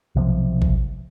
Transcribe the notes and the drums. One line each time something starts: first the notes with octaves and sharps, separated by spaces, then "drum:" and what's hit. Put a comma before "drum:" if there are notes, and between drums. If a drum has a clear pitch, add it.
B1 C3 F3
drum: kick G#1